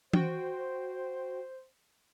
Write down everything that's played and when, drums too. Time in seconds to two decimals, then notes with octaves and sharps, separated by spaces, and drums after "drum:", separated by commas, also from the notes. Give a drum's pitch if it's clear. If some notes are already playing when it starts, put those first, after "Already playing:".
0.13 F#4 C5 G5, drum: tom E3